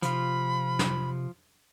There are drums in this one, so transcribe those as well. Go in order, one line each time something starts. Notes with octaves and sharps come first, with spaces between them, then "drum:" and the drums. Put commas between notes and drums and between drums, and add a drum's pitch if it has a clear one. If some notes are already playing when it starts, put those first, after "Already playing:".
C3 F3 F4 B5, drum: hi-hat
drum: snare